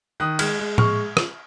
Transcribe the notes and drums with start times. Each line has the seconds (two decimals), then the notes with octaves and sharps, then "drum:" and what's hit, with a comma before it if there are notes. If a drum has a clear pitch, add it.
0.20 D#3 D#6 F#6
0.39 G#3 F6 G#6, drum: cymbal
0.59 G#3
0.78 G#3 C#6 F6, drum: tom A2
1.17 drum: rim click